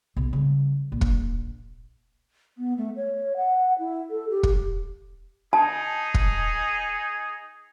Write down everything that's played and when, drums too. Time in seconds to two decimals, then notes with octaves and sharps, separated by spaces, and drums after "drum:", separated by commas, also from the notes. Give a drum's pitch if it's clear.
0.17 B1 C3
0.33 C#3 G3
0.92 A#1
1.01 drum: kick
2.58 B3
2.77 A3
2.96 C#5
3.36 F#5
3.79 E4
4.10 A4
4.30 G4
4.43 drum: kick
5.53 D#4 G#4 A5
6.14 drum: kick